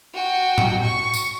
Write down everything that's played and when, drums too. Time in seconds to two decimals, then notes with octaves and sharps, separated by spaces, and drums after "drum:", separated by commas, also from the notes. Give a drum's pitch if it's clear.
0.14 F#4 G5
0.58 drum: tom A2
0.82 C#6
1.14 drum: tambourine